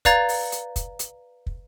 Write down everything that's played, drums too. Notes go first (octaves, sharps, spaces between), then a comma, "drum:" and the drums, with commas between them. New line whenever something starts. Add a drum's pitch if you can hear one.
B4 D5 F5 A#5 G#6 A6, drum: kick, hi-hat
drum: open hi-hat
drum: hi-hat
drum: kick, hi-hat
drum: hi-hat
drum: kick